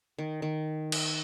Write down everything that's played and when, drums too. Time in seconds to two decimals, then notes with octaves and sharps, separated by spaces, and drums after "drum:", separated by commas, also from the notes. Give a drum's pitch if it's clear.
0.18 D#3
0.42 D#3
0.92 drum: cymbal